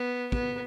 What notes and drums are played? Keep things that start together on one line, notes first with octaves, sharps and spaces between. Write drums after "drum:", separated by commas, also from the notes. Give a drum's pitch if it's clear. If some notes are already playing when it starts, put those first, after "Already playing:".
Already playing: B3
B3, drum: kick